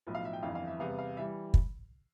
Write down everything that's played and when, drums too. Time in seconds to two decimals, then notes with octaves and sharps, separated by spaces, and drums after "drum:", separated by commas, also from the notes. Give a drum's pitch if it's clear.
0.07 B1 A2 F3
0.15 F5
0.25 E5
0.33 G5
0.42 G1 F2 E3 F5
0.55 F5
0.67 E5
0.79 E2 C3 G3 B3 F5
0.99 F5
1.17 E3 G3 E5
1.54 drum: kick